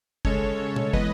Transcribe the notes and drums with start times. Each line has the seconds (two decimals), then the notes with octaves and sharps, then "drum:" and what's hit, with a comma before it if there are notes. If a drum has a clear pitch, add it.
0.25 C#3 G#3 C#4 A4 C#5, drum: kick
0.59 C#3 G#3 C#4
0.76 drum: tom
0.93 E3 G#3 B3 B4 D#5, drum: kick